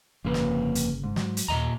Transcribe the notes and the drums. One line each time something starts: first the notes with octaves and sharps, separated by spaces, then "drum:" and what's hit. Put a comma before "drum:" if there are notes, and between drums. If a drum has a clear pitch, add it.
G1 F2 C#3 A#3 B4
drum: snare
drum: hi-hat
G#2
F#3, drum: snare
drum: hi-hat
D#2 A#2 D#5 A#5